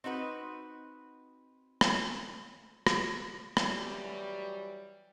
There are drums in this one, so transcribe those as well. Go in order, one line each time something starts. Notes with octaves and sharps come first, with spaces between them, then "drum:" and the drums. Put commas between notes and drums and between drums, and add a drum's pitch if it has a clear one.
C4 D#4 F#4 B4
drum: rim click
drum: rim click
E3 F#3 G3, drum: rim click